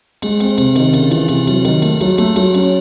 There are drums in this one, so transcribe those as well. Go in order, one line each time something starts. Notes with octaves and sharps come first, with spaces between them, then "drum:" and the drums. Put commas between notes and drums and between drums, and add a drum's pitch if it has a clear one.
G#3, drum: cymbal
C4, drum: cymbal
C3, drum: cymbal
D#3, drum: cymbal
C#3, drum: cymbal
E3, drum: cymbal
C3, drum: cymbal
F#3, drum: cymbal
D#3, drum: cymbal
A3, drum: cymbal
F#3, drum: cymbal
A3, drum: cymbal
F#3, drum: cymbal
C#4, drum: cymbal